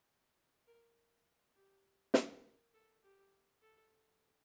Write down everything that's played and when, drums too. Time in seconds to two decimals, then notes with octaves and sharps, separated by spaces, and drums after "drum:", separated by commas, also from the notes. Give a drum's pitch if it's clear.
0.67 A#4
1.55 G4
2.14 A#4, drum: snare
2.74 A4
3.03 G4
3.61 A4